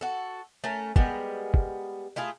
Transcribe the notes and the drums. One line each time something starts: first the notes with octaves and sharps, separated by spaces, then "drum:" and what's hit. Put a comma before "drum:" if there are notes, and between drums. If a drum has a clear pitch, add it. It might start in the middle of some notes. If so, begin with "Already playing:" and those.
F#4 A4
A3 C#4 A#4
G3 G#3 B3 A#4, drum: kick
drum: kick
A3 E4 F4 G#4